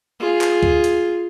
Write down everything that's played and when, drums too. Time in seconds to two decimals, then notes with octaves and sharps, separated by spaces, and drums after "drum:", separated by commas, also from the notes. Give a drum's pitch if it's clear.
0.20 F4 G#4
0.41 drum: clap
0.63 drum: kick
0.84 drum: hi-hat